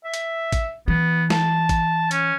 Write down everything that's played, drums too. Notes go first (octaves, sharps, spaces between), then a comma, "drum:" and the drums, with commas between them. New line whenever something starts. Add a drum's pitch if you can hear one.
E5
drum: hi-hat
drum: kick A1, hi-hat
E3 B3
A5, drum: snare
drum: kick A1, hi-hat
C#4, drum: hi-hat